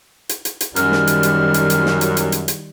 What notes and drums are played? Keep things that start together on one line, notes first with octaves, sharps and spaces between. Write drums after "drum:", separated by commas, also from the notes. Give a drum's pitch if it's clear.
drum: hi-hat
drum: hi-hat
drum: hi-hat
F#2 D#3 G3 F6, drum: hi-hat
drum: snare
drum: hi-hat
drum: hi-hat
drum: hi-hat
drum: hi-hat
drum: snare
drum: hi-hat
drum: hi-hat
drum: hi-hat
drum: hi-hat